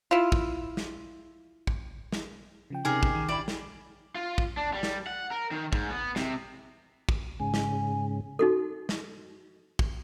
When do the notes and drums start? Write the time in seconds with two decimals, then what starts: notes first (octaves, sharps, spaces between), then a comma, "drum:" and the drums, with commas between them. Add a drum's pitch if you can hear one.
0.11 E4 F4
0.32 drum: kick
0.77 drum: snare
1.67 drum: kick
2.12 drum: snare
2.70 C#3 F3 G5
2.85 C3 C#4 D#4 G4 G#4 A#4
3.03 drum: kick
3.15 D#3
3.29 D#3 D4 E4 D5 G5 B5
3.48 drum: snare
4.15 F4
4.38 drum: kick
4.57 D4
4.73 G3
4.83 drum: snare
5.07 F#5
5.31 A#4
5.51 D#3
5.73 G#2, drum: kick
5.90 B3
6.16 C3, drum: snare
7.09 drum: kick
7.40 G#2 C#3 G#5
7.54 drum: snare
8.39 D#4 F#4 A4
8.89 drum: snare
9.79 drum: kick